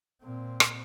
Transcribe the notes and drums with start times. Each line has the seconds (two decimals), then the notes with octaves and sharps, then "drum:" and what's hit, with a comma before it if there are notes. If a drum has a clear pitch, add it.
0.23 A#2 C4
0.60 drum: rim click